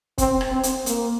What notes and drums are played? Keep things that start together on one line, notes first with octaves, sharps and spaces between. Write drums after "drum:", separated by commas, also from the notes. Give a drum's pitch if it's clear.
C4, drum: kick, hi-hat
drum: rim click
C4
drum: hi-hat
A#3, drum: hi-hat